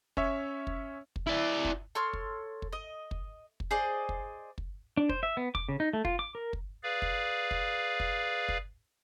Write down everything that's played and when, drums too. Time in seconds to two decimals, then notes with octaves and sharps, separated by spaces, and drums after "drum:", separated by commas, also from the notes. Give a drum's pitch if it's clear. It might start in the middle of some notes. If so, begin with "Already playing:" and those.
0.17 C#4 C#5 E5, drum: kick
0.67 drum: kick
1.16 drum: kick
1.27 E4 D5
1.65 drum: kick
1.95 A4 C#5 C6 F6
2.13 drum: kick
2.62 drum: kick
2.73 D#5
3.11 drum: kick
3.60 drum: kick
3.71 G#4 C5 D5 D#5
4.09 drum: kick
4.58 drum: kick
4.97 D4
5.09 C5, drum: kick
5.23 E5
5.37 B3
5.55 D6, drum: kick
5.69 C#3
5.80 D#4
5.93 A3
6.05 F4, drum: kick
6.19 D6
6.35 A#4
6.53 drum: kick
6.83 G#4 B4 D5 F5
7.02 drum: kick
7.51 drum: kick
8.00 drum: kick
8.49 drum: kick